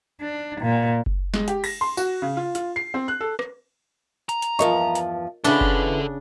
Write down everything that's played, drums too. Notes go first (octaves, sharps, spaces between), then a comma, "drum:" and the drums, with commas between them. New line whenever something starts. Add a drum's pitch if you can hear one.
D4
A#2
drum: kick F#1
G#3, drum: snare
G4, drum: hi-hat
A#6, drum: cymbal
C6
F#4, drum: tambourine
C#3
F4
F4, drum: hi-hat
C7
C4
F#6
A4
drum: rim click
A#5, drum: hi-hat
drum: hi-hat
E2 G2 F3 A#4 D#5 C#6
drum: hi-hat
C#3 D4 E4 G#4 A4 B4 F#5
drum: kick F#1